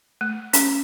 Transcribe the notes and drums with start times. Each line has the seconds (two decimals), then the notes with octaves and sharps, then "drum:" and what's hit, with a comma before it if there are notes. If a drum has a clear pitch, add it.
0.21 A3
0.53 C#4, drum: hi-hat